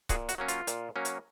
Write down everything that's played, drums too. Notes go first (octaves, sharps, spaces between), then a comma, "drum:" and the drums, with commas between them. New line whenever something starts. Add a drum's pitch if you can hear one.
A#2 F#4 G#4, drum: kick C#1, hi-hat
F#4, drum: hi-hat
F#3 A#3 C#4
F4, drum: hi-hat
A#2, drum: hi-hat
F#3 A#3 C#4
drum: hi-hat